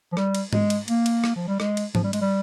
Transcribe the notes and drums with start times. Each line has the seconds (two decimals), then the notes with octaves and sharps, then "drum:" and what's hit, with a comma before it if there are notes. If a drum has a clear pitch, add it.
0.12 F3
0.17 G3, drum: rim click
0.35 drum: cymbal
0.53 G#3, drum: tom G#2
0.70 drum: cymbal
0.88 A#3, drum: cymbal
1.06 drum: cymbal
1.24 drum: rim click
1.36 F3
1.47 G3
1.60 G#3, drum: rim click
1.77 drum: cymbal
1.95 F3, drum: tom G#2
2.04 G3
2.13 G#3, drum: cymbal
2.22 G3